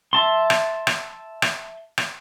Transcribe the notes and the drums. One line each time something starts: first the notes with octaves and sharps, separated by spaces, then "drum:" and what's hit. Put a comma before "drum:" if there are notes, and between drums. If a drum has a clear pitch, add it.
E5 A5 C6
drum: rim click
drum: rim click
drum: rim click
drum: rim click